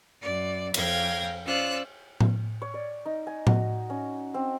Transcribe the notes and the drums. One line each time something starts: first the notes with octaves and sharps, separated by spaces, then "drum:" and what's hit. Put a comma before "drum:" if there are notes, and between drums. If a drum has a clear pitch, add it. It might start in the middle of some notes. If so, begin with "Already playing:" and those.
F#2 D5
F2 F5 G5 G#6 A#6, drum: cymbal
C#4 F4 C5 D5 E6 F#6
drum: tom A2
C#5
D5
D#4
G#5
F#4, drum: tom A2
C#4
C4